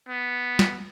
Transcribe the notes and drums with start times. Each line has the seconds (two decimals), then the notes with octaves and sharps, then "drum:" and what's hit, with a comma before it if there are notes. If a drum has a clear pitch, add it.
0.09 B3
0.59 drum: snare